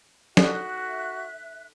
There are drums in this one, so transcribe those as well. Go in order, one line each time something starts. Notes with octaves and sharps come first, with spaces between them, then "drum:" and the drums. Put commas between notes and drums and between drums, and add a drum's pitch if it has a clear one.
D#4 F#4 A4 C#5 E5 F#6, drum: snare